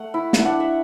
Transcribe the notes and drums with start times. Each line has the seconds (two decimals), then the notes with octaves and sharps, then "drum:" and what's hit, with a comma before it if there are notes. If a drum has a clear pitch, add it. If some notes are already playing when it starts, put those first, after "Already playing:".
Already playing: A3 F#5
0.14 E4
0.33 drum: snare
0.45 D4 F#5
0.60 E5